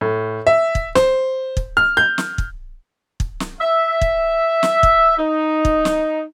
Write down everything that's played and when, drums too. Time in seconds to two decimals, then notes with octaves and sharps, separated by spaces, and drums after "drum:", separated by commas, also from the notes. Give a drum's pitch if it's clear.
0.01 A2
0.47 E5
0.75 drum: kick
0.95 C5, drum: snare
1.57 drum: kick
1.77 F6
1.97 G6
2.18 drum: snare
2.38 drum: kick
3.20 drum: kick
3.40 drum: snare
3.60 E5
4.01 drum: kick
4.63 drum: snare
4.83 drum: kick
5.18 D#4
5.65 drum: kick
5.85 drum: snare